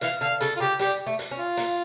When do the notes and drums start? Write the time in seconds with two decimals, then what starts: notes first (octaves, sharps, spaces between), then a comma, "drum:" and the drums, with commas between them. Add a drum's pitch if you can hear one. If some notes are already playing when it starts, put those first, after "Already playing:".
0.01 E3 F5, drum: hi-hat
0.21 D3 F5
0.41 C#3 A4, drum: hi-hat
0.56 F4
0.60 C#3 G4
0.79 G3 G4, drum: hi-hat
1.06 A3
1.19 drum: hi-hat
1.31 C#4
1.39 F4
1.57 A#3, drum: hi-hat